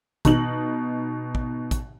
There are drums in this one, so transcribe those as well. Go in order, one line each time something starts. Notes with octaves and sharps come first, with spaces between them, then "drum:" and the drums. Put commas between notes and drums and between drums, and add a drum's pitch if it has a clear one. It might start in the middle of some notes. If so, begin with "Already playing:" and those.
B2 D#4 F#7, drum: kick, hi-hat
drum: kick
drum: kick, hi-hat